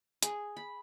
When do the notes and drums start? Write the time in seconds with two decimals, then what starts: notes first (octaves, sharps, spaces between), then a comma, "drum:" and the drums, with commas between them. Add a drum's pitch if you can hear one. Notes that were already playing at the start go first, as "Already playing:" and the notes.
0.23 G#4, drum: hi-hat
0.57 B5